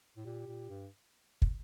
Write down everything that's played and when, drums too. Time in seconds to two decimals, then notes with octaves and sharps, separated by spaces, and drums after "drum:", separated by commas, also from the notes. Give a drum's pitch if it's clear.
0.17 A2
0.25 A#2 G4
0.47 A#2
0.69 G2
1.42 drum: kick